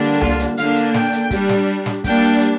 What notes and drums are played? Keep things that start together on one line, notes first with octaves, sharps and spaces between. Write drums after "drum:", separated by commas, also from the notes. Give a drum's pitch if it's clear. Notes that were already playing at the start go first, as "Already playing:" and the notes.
Already playing: D3 G3 A#3 D4
F4, drum: tom C#2
drum: hi-hat
D3 A#3 D4 F5, drum: hi-hat
drum: hi-hat
G5, drum: snare
drum: hi-hat
G3 D4, drum: kick, hi-hat
drum: snare
drum: snare
G3 A#3 D4 G5, drum: kick, hi-hat
drum: hi-hat
drum: hi-hat